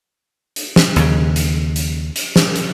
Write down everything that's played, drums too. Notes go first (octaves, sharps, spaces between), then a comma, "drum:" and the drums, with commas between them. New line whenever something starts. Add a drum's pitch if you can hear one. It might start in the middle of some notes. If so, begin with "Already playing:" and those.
drum: hi-hat
drum: snare
D#2 C#3, drum: hi-hat
drum: hi-hat
drum: hi-hat
drum: hi-hat
drum: snare
drum: hi-hat